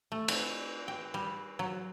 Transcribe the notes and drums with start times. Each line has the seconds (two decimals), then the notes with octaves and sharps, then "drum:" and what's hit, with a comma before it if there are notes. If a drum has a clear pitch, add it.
0.12 A3
0.28 C4, drum: cymbal
0.88 G5
1.14 G3
1.59 F#3